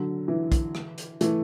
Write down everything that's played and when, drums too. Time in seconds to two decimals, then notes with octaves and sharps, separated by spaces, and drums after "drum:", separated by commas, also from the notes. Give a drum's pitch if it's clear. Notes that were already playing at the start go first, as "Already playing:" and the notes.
Already playing: D3 F#3
0.28 E3
0.52 drum: kick, hi-hat
0.75 drum: rim click
0.98 drum: hi-hat
1.21 E3 A3, drum: hi-hat